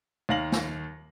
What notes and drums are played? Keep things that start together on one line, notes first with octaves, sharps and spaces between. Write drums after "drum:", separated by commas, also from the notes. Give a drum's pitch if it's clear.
D#2 D#3 F5 A#6 F#7
drum: snare